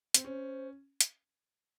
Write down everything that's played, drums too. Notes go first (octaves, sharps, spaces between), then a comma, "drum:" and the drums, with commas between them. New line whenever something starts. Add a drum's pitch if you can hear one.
C4, drum: hi-hat
C#4 C5
drum: hi-hat